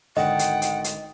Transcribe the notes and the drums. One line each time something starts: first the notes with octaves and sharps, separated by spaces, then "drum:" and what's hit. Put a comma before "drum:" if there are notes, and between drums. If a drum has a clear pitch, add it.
G#1 D3 D#5 F#5 G5 D#6
drum: hi-hat
drum: hi-hat
drum: hi-hat